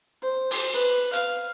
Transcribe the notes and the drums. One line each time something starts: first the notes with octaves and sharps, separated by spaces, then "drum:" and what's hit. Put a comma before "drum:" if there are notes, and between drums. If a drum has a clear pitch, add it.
C5
drum: open hi-hat
B4
F5, drum: hi-hat